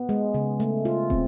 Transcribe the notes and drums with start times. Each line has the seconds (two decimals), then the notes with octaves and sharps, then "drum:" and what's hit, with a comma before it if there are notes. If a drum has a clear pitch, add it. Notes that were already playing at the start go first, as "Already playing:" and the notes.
Already playing: B3
0.09 G#3
0.34 C#3
0.60 A3, drum: hi-hat
0.85 F4
1.10 C4, drum: kick